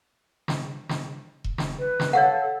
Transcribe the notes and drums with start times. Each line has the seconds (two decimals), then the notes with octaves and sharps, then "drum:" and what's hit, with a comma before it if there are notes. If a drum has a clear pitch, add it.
0.48 drum: snare
0.89 drum: snare
1.44 drum: kick E1
1.58 drum: snare
1.79 B4
2.00 drum: snare
2.13 A4 C#5 F5 F#5